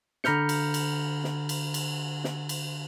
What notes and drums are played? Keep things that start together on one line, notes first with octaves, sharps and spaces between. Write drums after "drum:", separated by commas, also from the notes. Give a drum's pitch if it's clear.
D3 A#5 B5 F6 G6 C#7, drum: snare
drum: cymbal
drum: cymbal
drum: snare
drum: cymbal
drum: cymbal
drum: snare
drum: cymbal